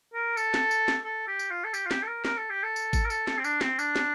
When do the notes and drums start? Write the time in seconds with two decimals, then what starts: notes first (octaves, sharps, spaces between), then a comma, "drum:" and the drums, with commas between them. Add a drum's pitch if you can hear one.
0.14 A#4
0.37 A4, drum: tambourine
0.54 drum: snare
0.71 drum: tambourine
0.88 drum: snare
1.05 A4
1.28 G4
1.39 drum: tambourine
1.51 F4
1.65 A4
1.74 G4, drum: tambourine
1.86 F4
1.91 G4, drum: snare
2.03 A4
2.08 A#4
2.25 A#4, drum: snare
2.38 A4
2.50 G4
2.63 A4
2.76 drum: tambourine
2.93 drum: kick G#1, tambourine
3.05 A#4
3.10 A4, drum: tambourine
3.27 A4, drum: snare
3.38 C4
3.44 D4, drum: tambourine
3.61 C4, drum: snare
3.79 D4, drum: tambourine
3.96 drum: snare